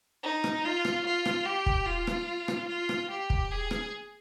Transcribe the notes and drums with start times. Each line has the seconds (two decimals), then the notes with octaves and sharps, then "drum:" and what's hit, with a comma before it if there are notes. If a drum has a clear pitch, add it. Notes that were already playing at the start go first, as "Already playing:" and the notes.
0.23 D#4
0.44 drum: rim click
0.65 F4
0.85 drum: rim click
1.06 F4
1.26 drum: rim click
1.45 G4
1.66 drum: kick
1.86 F4
2.07 drum: rim click
2.48 drum: rim click
2.68 F4
2.89 drum: rim click
3.10 G4
3.30 drum: kick
3.51 G#4
3.71 drum: rim click